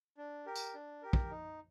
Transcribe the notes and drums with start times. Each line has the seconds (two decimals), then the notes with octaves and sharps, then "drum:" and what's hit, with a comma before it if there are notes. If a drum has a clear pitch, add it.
0.17 D4
0.46 G4 A#4
0.55 drum: tambourine
0.74 D4
1.02 G4 A#4
1.13 drum: kick
1.31 D#4